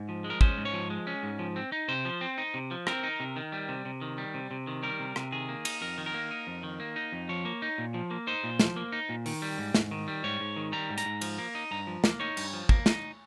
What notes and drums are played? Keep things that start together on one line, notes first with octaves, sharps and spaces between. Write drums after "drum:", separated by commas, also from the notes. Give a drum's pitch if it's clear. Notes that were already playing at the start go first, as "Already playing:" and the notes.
Already playing: G#2
F3
G#3
A#4
C#4 C5, drum: kick
G#2
C#5
F3
G#3
C#4
G#2
F3
C4
D#4
C3 C5
F3
C4
D#4
C3
F3
C4 A#4, drum: rim click
D#4
C3
D#3
G3
C3
C3
D#3
G3
C3
C3
D#3
G3 A#4
C3
C3, drum: rim click
D#3 G#4
A#3
D#4, drum: cymbal
F2 A#4
D#3
A#4
A#3
D#4
F2
D#3
A#3
D#4
F2
F3 C#5
A#3
D#4
A#2
F3
A#3
D#4 C5
A#2
F3, drum: snare
A#3
D#4
A#2
D#3, drum: open hi-hat
G3
G#2
G#2, drum: snare
D#3
G3
G#2 C#5
G#2
D#3
G3 A#5
G#2
A#5, drum: hi-hat
G#2
F3, drum: cymbal
A#3
D#4
G2 A#5
F3
A#3, drum: snare
D#4 C#5
G2, drum: cymbal
F3
A#3, drum: kick
D#4, drum: snare